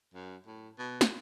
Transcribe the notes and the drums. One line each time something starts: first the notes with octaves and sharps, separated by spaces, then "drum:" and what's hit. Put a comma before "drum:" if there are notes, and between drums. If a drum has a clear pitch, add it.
F#2
A2
B2
drum: snare